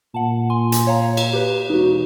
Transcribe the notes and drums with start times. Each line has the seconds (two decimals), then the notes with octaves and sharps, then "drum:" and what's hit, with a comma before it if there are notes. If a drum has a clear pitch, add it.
0.14 A#2 F#5 A5
0.50 G#5 C6
0.72 drum: hi-hat
0.87 C#5 F5 A#5
1.17 drum: cymbal
1.33 G4 B4
1.70 E1 D#4 F#4